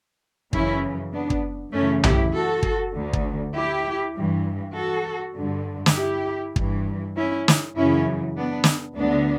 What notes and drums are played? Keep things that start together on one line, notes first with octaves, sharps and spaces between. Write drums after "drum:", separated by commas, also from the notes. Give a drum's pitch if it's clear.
F#2 C#3 E3 C#4 E4, drum: kick
B3 D4
drum: kick
F#2 C#3 E3 A3 C#4
E4 G4, drum: tom B1
F#4 A4
drum: kick
D2 D3
drum: kick
E4 G4
G2 E3
F#4 A4
G2 D3
drum: snare
E4 G4
G2 E3, drum: kick
C#4 E4
drum: snare
F#2 C#3 E3 C#4 E4
B3 D4
drum: snare
D2 B3 D4
D3